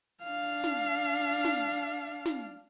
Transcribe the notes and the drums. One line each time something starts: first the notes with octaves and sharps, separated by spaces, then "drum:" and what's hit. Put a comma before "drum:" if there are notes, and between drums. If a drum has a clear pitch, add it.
D4 F5
drum: snare
drum: snare
drum: snare